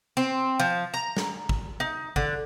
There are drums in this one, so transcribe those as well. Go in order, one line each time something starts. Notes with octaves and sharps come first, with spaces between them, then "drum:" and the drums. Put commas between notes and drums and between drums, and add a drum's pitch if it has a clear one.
C4
F3
A#5
drum: snare
drum: kick
D#4
D3, drum: kick